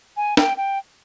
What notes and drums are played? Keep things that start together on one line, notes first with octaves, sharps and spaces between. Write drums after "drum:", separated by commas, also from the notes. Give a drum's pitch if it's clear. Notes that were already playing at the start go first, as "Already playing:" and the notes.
G#5
G5, drum: snare
G5